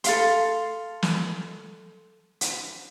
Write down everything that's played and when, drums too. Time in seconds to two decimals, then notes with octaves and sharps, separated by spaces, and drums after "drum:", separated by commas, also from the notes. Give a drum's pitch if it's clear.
0.04 A4 F5 C6, drum: hi-hat
1.03 drum: snare
2.41 drum: hi-hat